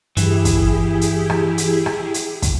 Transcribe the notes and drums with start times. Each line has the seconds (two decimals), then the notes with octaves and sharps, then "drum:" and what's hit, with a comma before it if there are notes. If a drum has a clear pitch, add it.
0.17 G2 E3 E4 G4 G#4, drum: hi-hat
0.45 drum: kick, hi-hat
1.01 drum: hi-hat
1.30 drum: rim click
1.58 drum: hi-hat
1.86 drum: rim click
2.14 drum: hi-hat
2.42 drum: kick, hi-hat